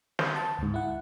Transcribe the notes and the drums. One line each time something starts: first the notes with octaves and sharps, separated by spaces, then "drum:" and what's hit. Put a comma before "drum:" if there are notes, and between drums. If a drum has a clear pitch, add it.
G6, drum: snare
A5
D2 G#2
E4 F#5